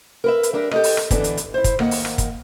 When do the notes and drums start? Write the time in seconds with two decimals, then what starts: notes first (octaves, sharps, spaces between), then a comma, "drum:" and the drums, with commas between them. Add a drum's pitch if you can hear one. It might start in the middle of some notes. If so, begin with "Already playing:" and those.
0.24 A#4 B4 E5
0.43 drum: hi-hat
0.53 G3 D4 A#4 E5
0.71 G4 A4 D#5, drum: rim click
0.84 drum: open hi-hat
0.97 drum: rim click
1.11 D3 E3 B3 D4, drum: kick, hi-hat
1.24 drum: hi-hat
1.37 drum: hi-hat
1.54 E4 C5
1.64 drum: kick, hi-hat
1.79 D#3 A#3 F#5, drum: rim click
1.91 drum: open hi-hat
2.05 drum: rim click
2.18 drum: kick, hi-hat